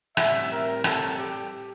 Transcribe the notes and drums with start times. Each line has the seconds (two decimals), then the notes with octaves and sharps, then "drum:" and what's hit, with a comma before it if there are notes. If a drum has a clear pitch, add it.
0.17 A2 G3 C4 E5, drum: rim click
0.51 A#4
0.84 A4, drum: rim click
1.18 G4